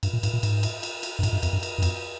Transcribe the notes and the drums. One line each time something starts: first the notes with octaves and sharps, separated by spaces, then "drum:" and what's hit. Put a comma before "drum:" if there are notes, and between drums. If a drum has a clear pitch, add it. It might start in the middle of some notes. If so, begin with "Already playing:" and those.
G2, drum: cymbal
A#2
G#2, drum: cymbal
A#2
G#2, drum: cymbal
drum: cymbal
drum: cymbal
drum: cymbal
G2
G#2, drum: cymbal
G2
F2, drum: cymbal
G2
drum: cymbal
G2
F2, drum: cymbal